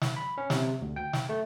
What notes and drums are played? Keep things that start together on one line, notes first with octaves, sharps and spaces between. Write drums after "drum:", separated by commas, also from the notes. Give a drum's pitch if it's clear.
drum: snare
B5
C#4
C3, drum: snare
D2
G5
drum: snare
A3